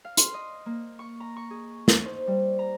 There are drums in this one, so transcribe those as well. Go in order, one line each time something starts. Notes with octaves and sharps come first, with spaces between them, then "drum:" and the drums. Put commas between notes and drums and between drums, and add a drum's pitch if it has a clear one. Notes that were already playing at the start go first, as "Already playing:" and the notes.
F5
C6, drum: hi-hat
D#5
A#3
C#6
A#5
C#6
G#4
D#4, drum: snare
C5
G3
A#5